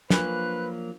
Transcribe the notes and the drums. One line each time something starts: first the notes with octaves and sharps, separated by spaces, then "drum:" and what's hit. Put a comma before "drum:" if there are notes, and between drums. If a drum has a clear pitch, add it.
F3 F#3 A#3 D4 F4 A#4 B4 F#6, drum: snare